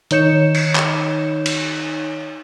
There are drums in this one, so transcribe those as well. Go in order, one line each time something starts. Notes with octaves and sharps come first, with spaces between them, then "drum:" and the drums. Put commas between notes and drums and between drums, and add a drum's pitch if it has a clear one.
D#3 D#4 C#5 G6 C#7 E7, drum: hi-hat
drum: cymbal
drum: clap
drum: cymbal